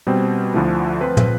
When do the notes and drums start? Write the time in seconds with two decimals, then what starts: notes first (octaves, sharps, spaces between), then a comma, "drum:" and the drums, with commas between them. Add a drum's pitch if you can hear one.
0.07 B2 G3 C4
0.54 D2 D3 F3 A3 E4
1.01 F3 C4 F4 B4
1.17 drum: tom